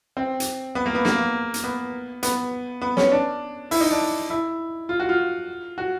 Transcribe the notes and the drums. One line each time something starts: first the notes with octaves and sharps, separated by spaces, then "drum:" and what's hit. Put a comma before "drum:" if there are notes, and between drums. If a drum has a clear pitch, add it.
C4
drum: hi-hat
B3
A#3
B3
A#3, drum: snare
drum: hi-hat
B3
B3, drum: hi-hat
B3
C#4, drum: snare
D4
E4, drum: open hi-hat
D#4
D4
E4
F4
F#4
F4
F#4